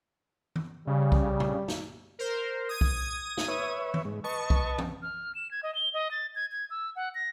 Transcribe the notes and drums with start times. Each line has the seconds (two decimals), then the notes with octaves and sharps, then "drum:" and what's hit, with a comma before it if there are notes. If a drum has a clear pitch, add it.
0.56 drum: tom D#3
0.87 C#3 G3
1.12 drum: kick B1
1.40 drum: tom A#2
1.68 drum: snare
2.19 A#4 C5
2.69 D#6 G#6 D#7
2.81 drum: kick B1
3.37 drum: snare
3.48 B4 C#5 E5
3.94 drum: tom D#3
4.05 G#2
4.24 B4 D#5 A5 C#6
4.50 drum: kick B1
4.78 drum: tom E3
5.02 F6
5.35 E7
5.51 G#6
5.63 D#5
5.75 G7
5.93 D#5
6.11 A6
6.35 G#6
6.51 G#6
6.70 E6
6.96 F#5
7.15 A#6